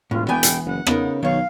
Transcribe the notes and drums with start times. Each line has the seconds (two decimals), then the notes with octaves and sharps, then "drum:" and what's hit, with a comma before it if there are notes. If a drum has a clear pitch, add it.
0.11 E1 A2 F4
0.28 E3 B3 G5 G#5
0.43 drum: hi-hat
0.66 F#1 F#5
0.87 C#3 B3 D#4 A#4, drum: rim click
1.23 B1 D#3 C#5 F5